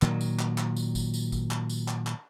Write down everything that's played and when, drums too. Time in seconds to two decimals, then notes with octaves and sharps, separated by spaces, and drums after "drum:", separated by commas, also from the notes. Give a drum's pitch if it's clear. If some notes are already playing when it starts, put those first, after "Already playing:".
0.02 A#2 D#3 F#3, drum: clap
0.21 drum: tambourine
0.39 drum: clap
0.58 drum: clap
0.76 drum: tambourine
0.95 drum: kick G#1, tambourine
1.14 drum: tambourine
1.32 drum: kick G#1, tambourine
1.51 drum: clap
1.70 drum: tambourine
1.88 drum: clap
2.07 drum: clap